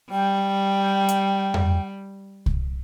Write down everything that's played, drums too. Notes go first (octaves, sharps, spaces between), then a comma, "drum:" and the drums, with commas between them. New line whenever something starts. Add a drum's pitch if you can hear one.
G3 G5
drum: hi-hat
drum: tom F2
drum: kick C2